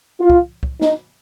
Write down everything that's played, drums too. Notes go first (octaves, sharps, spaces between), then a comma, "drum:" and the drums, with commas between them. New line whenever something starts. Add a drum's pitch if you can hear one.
F4
drum: kick
drum: kick
D#4, drum: snare